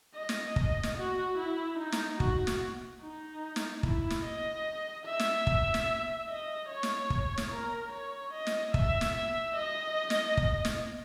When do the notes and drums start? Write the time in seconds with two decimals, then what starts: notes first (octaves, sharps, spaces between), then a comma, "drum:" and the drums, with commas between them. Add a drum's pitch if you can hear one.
0.15 D#5
0.29 drum: snare
0.56 drum: kick
0.83 drum: snare
0.97 F#4
1.38 E4
1.79 D#4
1.92 drum: snare
2.20 F#4, drum: kick
2.47 drum: snare
3.01 D#4
3.56 drum: snare
3.83 E4, drum: kick
4.10 drum: snare
4.24 D#5
5.06 E5
5.19 drum: snare
5.47 drum: kick
5.74 drum: snare
6.29 D#5
6.69 C#5
6.83 drum: snare
7.10 drum: kick
7.38 drum: snare
7.52 A#4
7.92 C#5
8.33 D#5
8.47 drum: snare
8.74 E5, drum: kick
9.01 drum: snare
9.15 E5
9.56 D#5
10.10 drum: snare
10.37 drum: kick
10.65 drum: snare